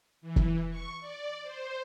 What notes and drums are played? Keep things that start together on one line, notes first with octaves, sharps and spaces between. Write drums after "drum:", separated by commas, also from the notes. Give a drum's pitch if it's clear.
E3
drum: kick
C#6
D5
C5